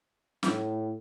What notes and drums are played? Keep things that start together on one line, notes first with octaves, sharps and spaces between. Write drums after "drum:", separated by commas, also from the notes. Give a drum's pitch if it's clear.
A2, drum: snare